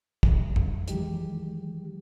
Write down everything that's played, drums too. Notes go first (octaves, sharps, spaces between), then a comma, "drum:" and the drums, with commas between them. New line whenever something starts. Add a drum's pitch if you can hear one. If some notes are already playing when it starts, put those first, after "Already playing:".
drum: kick
drum: tom F2
D#3 E3 F#3 G#3 G4, drum: hi-hat